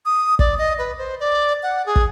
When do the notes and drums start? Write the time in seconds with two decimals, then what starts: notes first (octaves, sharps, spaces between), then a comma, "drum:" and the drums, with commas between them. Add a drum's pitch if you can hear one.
0.05 D#6
0.39 D5, drum: kick
0.58 D#5
0.79 B4
0.98 C5
1.20 D5
1.63 F#5
1.86 G#4
1.96 drum: kick